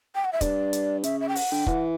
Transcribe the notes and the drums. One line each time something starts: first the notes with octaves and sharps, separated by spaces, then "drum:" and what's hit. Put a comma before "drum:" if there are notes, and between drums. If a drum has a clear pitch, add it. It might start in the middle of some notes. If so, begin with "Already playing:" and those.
G5
F#5
E5
G2 D5, drum: kick, hi-hat
drum: hi-hat
C#3 E5, drum: hi-hat
E5
G5
F#5, drum: open hi-hat
D3 G5
E3 F#5, drum: kick